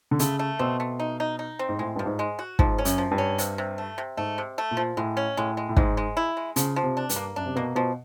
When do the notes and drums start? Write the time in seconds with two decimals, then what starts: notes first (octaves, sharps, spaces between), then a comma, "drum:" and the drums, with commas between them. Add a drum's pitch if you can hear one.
0.11 D3
0.19 C#3 A3, drum: hi-hat
0.39 A3
0.59 B2 C4
0.80 A3
1.00 D#4
1.20 D#4
1.39 D#4
1.59 C4
1.69 G#2
1.79 A2 G#3
1.96 G2 F3
2.06 G#2
2.19 G#3
2.39 F#4
2.59 G#2 F3, drum: kick
2.78 C#4
2.85 F#2, drum: hi-hat
2.98 F3
3.11 G2
3.18 C#4
3.38 C3, drum: hi-hat
3.58 C3
3.78 A3
3.98 C3
4.17 G#2 A3
4.38 C3
4.58 A3
4.71 A#2
4.77 F3
4.97 A2 G#3
5.17 C#4
5.37 A2 G#3
5.57 G#3
5.69 A2
5.77 G#2 G#3, drum: kick
5.97 G#3
6.17 E4
6.37 G#3
6.56 C#3 F3, drum: hi-hat
6.76 F3
6.83 C3
6.97 D4
7.09 G2, drum: hi-hat
7.16 A#3
7.36 F#2 D4
7.46 C3
7.56 B2 A#3
7.75 B2 F3